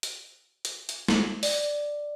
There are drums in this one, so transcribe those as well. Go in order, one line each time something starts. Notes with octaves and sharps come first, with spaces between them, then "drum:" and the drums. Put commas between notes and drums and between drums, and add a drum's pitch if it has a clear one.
drum: hi-hat
drum: hi-hat
drum: hi-hat
drum: snare
D5, drum: open hi-hat